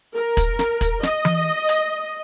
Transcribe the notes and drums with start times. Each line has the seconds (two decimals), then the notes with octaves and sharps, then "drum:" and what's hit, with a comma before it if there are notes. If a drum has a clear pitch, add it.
0.15 A#4
0.37 drum: kick, hi-hat
0.59 drum: snare
0.81 drum: kick, hi-hat
1.03 D#5, drum: snare
1.25 drum: tom E3
1.69 drum: hi-hat